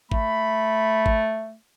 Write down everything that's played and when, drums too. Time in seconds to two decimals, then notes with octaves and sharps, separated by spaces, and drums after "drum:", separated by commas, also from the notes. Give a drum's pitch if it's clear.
0.12 A3 B5, drum: kick G#1
1.06 drum: kick G#1